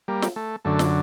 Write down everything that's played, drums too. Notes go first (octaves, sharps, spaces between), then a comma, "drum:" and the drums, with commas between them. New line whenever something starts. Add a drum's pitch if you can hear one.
G3 A#3
drum: snare
A3
F#2 D3 A3
drum: snare